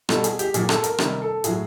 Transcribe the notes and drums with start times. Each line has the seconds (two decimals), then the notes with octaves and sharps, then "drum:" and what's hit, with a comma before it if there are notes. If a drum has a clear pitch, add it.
0.09 B2 G3 A4, drum: rim click
0.24 G#4, drum: hi-hat
0.39 G4, drum: hi-hat
0.54 A#2 F#3 G#4, drum: hi-hat
0.69 A4, drum: rim click
0.84 A#4, drum: hi-hat
0.98 C3 D#3 G3 A#4, drum: rim click
1.22 A4
1.44 A2 F#3 G#4, drum: hi-hat